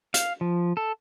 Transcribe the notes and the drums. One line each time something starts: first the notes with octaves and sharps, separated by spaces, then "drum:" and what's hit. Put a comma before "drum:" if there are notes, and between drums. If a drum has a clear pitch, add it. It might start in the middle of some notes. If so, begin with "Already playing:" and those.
F5, drum: hi-hat
F3
A4